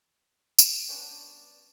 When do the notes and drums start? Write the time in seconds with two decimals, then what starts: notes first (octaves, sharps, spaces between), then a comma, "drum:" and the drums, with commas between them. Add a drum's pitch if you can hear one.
0.59 drum: tambourine
0.88 G3 B3 C#4 D4